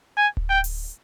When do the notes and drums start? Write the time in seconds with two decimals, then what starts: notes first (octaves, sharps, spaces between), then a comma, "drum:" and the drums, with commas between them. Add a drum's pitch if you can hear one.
0.18 G#5
0.37 drum: kick D1
0.50 G5
0.64 drum: open hi-hat